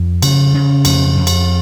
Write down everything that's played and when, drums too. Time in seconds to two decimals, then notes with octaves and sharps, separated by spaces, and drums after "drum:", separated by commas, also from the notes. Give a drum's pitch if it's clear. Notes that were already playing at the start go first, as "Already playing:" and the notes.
Already playing: F2
0.22 C#3, drum: cymbal
0.54 C#3
0.85 F2 C#4, drum: cymbal
1.16 F2
1.27 drum: cymbal